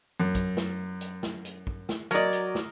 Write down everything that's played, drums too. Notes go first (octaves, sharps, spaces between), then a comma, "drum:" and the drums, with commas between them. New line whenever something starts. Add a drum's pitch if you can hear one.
F#2
drum: kick, hi-hat
drum: snare
drum: hi-hat
drum: snare
drum: hi-hat
drum: kick
drum: snare
F#3 A#4 D5 D#5, drum: hi-hat
drum: hi-hat
drum: snare